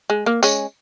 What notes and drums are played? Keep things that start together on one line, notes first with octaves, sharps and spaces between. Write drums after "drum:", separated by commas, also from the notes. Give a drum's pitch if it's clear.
G#3
A#3
G#3 C#4, drum: tambourine